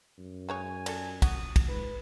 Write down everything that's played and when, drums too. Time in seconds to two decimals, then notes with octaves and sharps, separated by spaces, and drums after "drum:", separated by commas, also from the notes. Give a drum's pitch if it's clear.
0.18 F#2
0.49 C#3 G#3 C#5 G#5
0.86 A4 D5, drum: cymbal
1.22 F#4 D#6, drum: kick, cymbal
1.56 drum: kick, cymbal
1.68 G#2 B4